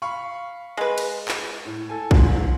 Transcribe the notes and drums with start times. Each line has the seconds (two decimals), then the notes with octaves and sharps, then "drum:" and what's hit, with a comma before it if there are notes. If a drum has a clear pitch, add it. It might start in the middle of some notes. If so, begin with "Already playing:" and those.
0.02 F5 B5 C#6
0.77 G#3 B4
0.98 drum: cymbal
1.28 drum: clap
1.66 A2
1.89 A4 G#5
2.11 C#2 G#2, drum: kick A#1